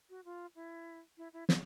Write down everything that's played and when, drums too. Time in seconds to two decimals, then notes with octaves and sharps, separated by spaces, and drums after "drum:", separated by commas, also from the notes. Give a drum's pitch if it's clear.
0.10 F#4
0.24 F4
0.55 E4
1.17 E4
1.33 E4
1.49 F4, drum: snare